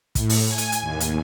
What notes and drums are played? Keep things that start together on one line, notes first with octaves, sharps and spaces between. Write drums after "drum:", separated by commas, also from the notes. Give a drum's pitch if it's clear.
A2, drum: kick, hi-hat
drum: open hi-hat
G#5
drum: hi-hat
drum: hi-hat
D#2
drum: hi-hat